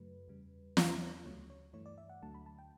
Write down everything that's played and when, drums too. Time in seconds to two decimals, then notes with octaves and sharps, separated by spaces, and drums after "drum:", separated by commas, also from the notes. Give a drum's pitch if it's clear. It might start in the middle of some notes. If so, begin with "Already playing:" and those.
Already playing: F#2 C#3 F#3 A3 B4
0.28 E2 C#3 G3
0.77 E2 C#3 G3 C#5, drum: snare
1.01 C#5
1.25 D2 C#3 F#3 A3 C#5
1.50 C#5
1.73 G2 E3 A3 C#5
1.86 D5
1.98 E5
2.09 F#5
2.22 D2 D3 F#3 A3 A5
2.34 B5
2.46 A5
2.58 G5